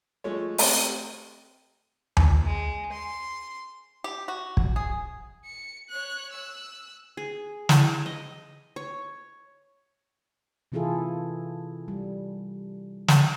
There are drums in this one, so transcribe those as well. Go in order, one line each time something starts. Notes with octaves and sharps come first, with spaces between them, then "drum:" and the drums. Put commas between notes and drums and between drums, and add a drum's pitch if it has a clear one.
F3 G#3 A3 C#5
A3 C4 G4, drum: open hi-hat
drum: tom D#2
G#3
C6
G4
F#4
drum: kick
G#4
C#7
C#5 F#6
E6 F#6
G#4
E4, drum: snare
D#5
C#5
C3 E3 E4 F4 G#4 A4
G3
drum: snare